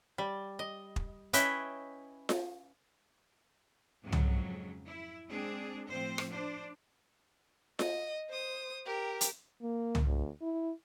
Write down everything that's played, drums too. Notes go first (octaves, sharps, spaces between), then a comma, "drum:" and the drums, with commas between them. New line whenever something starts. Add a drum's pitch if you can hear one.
G3
D#5
drum: kick
C#4 E4 B4 D#5 E5 G5, drum: hi-hat
drum: snare F4
F2 G#2 C#3 F#3
drum: tom
E4
G#3 C4 D4 G#4
A2 F3 C4 C5
drum: rim click
D4 C5
D#5, drum: snare F4
C5 D#6
G4 A#4
drum: hi-hat
A#3
drum: tom
D2
E4